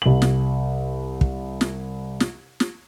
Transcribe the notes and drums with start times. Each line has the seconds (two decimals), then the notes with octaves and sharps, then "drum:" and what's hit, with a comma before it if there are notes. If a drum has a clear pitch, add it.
0.02 C2 F#7
0.22 drum: snare
1.21 drum: kick
1.61 drum: snare
2.20 drum: snare
2.60 drum: snare